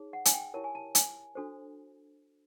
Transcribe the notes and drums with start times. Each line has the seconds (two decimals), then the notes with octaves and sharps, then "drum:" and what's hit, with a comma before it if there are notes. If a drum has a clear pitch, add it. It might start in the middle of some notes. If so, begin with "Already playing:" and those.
Already playing: D#4 G#4 C#5
0.13 F#5
0.25 G#5, drum: hi-hat
0.34 G5
0.54 E4 G4 A#4 C#5 A5
0.64 G#5
0.75 A5
0.95 G#5, drum: hi-hat
1.35 D4 F#4 A4 C5